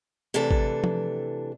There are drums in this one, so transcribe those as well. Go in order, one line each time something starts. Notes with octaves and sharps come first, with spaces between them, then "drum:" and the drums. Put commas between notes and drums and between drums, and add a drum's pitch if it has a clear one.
C3 E3 A3 D4 A4
drum: kick
drum: tom F3